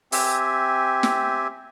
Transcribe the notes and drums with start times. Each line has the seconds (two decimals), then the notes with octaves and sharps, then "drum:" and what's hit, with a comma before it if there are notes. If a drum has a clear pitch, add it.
0.12 C4 G4 E5 G#5, drum: open hi-hat
1.03 drum: snare